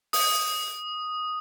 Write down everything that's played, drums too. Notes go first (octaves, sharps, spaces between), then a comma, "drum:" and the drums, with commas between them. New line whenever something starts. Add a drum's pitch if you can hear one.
D#6, drum: open hi-hat